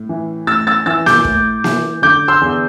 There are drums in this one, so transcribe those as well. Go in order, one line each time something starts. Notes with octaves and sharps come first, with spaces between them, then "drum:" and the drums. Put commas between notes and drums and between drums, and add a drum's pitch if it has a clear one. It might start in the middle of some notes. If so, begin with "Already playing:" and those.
Already playing: A2
E3
A2 E6 A6
E6 A6
E3 E6 A6
D6 G6, drum: snare A#3
A2, drum: kick
E3, drum: snare A#3
D3 D6 G6
C6 E6
E2